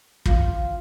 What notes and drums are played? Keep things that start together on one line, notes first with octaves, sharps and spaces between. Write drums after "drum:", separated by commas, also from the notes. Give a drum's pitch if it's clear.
F4, drum: kick